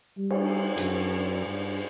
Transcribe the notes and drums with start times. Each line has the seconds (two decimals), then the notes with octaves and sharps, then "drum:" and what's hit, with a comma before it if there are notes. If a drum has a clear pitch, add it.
0.18 G3
0.30 drum: cymbal
0.77 F#2, drum: hi-hat
1.46 G2